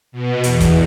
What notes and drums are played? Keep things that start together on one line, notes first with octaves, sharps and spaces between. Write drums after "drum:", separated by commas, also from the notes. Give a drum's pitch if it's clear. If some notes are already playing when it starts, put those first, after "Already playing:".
B2
E2, drum: hi-hat
drum: kick, hi-hat